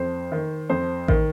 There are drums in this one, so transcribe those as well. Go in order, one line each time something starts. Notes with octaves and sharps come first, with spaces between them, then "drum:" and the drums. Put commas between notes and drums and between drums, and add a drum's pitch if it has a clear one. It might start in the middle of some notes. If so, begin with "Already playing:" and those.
Already playing: F2 C5
D#3
F2 C5
D#3, drum: kick A1